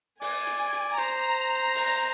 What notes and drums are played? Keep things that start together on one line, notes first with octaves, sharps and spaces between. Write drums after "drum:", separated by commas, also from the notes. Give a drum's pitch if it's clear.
D5 G#5, drum: open hi-hat
drum: hi-hat
drum: hi-hat
C5 A#5, drum: hi-hat
drum: open hi-hat